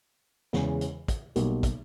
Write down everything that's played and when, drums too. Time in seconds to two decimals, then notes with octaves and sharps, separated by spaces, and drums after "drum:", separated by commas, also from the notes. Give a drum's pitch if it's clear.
0.53 E2 C#3 E3 G#3, drum: snare
0.81 drum: hi-hat
1.08 drum: kick, hi-hat
1.36 B1 B2 G3 A#3, drum: hi-hat
1.63 drum: kick, hi-hat